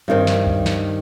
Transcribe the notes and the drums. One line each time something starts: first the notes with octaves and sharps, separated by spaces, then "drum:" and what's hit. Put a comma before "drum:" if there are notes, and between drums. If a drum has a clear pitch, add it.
G2 D#3 C4
drum: snare
drum: kick C#2
drum: snare